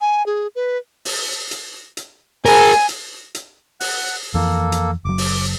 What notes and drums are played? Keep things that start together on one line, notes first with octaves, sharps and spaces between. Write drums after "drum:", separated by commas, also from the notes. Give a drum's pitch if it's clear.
G#5
G#4
B4
drum: open hi-hat
drum: hi-hat
drum: hi-hat
G#4 A#4 G#5, drum: open hi-hat
drum: hi-hat
drum: hi-hat
F#5 F#6, drum: open hi-hat
F2 E3 A#3 A4
drum: hi-hat
F#1 F#3 D6
drum: open hi-hat